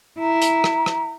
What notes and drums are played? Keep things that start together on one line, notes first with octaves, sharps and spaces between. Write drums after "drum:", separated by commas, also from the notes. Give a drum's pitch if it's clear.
E4 A#5
drum: hi-hat
drum: rim click
drum: rim click